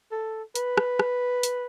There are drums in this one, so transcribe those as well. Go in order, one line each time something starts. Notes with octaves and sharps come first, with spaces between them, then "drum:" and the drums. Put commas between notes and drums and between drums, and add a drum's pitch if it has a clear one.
A4
B4, drum: hi-hat
drum: rim click
drum: rim click
drum: hi-hat